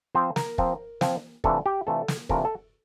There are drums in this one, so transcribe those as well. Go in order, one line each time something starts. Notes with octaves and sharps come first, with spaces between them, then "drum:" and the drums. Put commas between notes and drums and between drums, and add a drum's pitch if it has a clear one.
F3 C4 F4 C5
A#4, drum: snare
F3 C4 F4, drum: kick
F3 C4 F4, drum: snare
C3 E3 A3 D4 F4 A4, drum: kick
G4
C3 E3 A3 D4 F4 A4
drum: snare
C3 E3 A3 D4 F4 A#4, drum: kick
A4